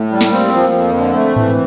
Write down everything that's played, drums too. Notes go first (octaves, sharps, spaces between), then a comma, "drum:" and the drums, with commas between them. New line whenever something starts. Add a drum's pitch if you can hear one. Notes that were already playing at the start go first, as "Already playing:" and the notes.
Already playing: A2 A3
G3
drum: snare
A#3 C4
F3
F2
D3
A3 C4
E3, drum: tom G#2